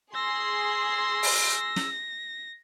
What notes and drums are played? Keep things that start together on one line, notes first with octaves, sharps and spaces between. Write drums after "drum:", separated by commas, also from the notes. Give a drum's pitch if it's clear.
G#4 C6 E6 A#6
drum: open hi-hat
drum: snare